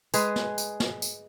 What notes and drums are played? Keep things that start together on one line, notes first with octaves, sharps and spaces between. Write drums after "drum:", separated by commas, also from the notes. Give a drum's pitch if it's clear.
G#3 G#4 B4, drum: tambourine
drum: snare
drum: tambourine
drum: snare
drum: tambourine